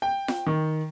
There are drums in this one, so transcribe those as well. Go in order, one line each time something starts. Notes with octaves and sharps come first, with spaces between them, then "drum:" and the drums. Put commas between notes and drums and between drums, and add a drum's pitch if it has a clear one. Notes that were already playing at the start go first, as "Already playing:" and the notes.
G5
drum: snare F4
D#3